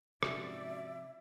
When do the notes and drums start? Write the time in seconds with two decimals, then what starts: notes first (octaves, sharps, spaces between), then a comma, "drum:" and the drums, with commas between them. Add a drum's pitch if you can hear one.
0.23 G#2 C3 F3 C#4 F#4 G4 D5 E5, drum: rim click